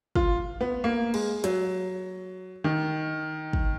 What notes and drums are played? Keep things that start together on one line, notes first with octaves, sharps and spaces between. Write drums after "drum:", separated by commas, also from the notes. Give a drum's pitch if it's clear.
F4, drum: kick
B3
A#3
G#3, drum: cymbal
F#3, drum: hi-hat
D#3
drum: kick